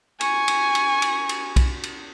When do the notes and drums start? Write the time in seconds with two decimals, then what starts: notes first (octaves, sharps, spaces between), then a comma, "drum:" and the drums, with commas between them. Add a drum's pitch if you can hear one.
0.21 G#5 C#6, drum: cymbal
0.48 drum: cymbal
0.75 drum: cymbal
1.02 drum: cymbal
1.29 drum: cymbal
1.56 drum: kick B1, cymbal
1.83 drum: cymbal